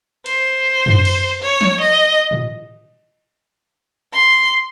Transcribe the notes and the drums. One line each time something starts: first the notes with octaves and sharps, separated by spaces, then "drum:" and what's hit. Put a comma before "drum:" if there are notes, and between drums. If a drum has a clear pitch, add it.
C5, drum: cymbal
drum: tom F#2
drum: cymbal
C#5
drum: snare
D#5
drum: tom A2
C6